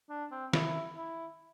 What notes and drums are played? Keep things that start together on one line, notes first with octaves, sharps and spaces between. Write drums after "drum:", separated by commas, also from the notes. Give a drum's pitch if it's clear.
D4
C4
E4, drum: snare D#3
E4